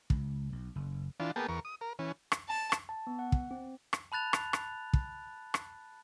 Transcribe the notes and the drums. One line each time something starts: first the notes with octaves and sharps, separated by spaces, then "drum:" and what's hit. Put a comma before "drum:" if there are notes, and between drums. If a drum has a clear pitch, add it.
C#2, drum: kick
B1
F#1
E3 D4 F4
A#3 B3 G#4 G5 A5
E2 A#4 C#6
D#6
A#4
E3 C#4
drum: rim click
A5
drum: rim click
A5
B3
F#5
drum: kick
C4
drum: rim click
A5 B5 F#6 A6 F7
drum: rim click
drum: rim click
drum: kick
drum: rim click